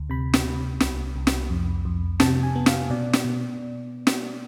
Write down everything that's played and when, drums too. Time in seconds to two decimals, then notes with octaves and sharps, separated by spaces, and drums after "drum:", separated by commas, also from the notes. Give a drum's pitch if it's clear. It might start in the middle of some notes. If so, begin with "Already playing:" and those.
Already playing: D2
0.10 C3 B5
0.34 drum: snare
0.45 C3
0.80 C2, drum: snare
1.16 C2
1.27 drum: snare
1.50 F2
1.85 F2
2.20 C3 A5, drum: snare
2.43 G#5
2.55 B3
2.66 F5, drum: snare
2.90 B2 D5
3.13 drum: snare
3.24 B2
4.07 drum: snare